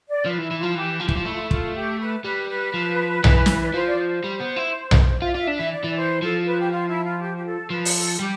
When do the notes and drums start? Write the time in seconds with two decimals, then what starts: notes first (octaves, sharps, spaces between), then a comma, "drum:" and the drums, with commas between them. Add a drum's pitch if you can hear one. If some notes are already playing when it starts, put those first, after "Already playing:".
0.09 D5
0.26 F3 B4
0.38 E3
0.43 E4
0.51 E3
0.59 F3 F4
0.75 E3 G4
1.00 F3 G4
1.08 E3, drum: kick
1.17 F3
1.25 A3 E4
1.33 F4
1.42 E4
1.51 F4, drum: kick
1.76 G4
1.99 B4
2.24 G3 B4
2.49 B4
2.74 F3
3.24 E3, drum: tom B1
3.46 drum: snare
3.65 D5
3.74 F3 C5
3.86 D5
3.98 C5
4.24 G3
4.40 B3
4.56 E4
4.91 drum: tom B1
5.22 F4 E5
5.31 D5
5.35 F4 E5
5.47 D4
5.55 E3 E5
5.71 D5
5.84 E3
5.97 C5
6.22 F3 A4
6.46 B4
6.59 G4
6.71 F4
6.88 E4
7.04 F4
7.20 G4
7.36 G4
7.45 A4
7.70 F3 B4
7.85 drum: open hi-hat
7.96 A4
8.14 A4
8.20 G3 G4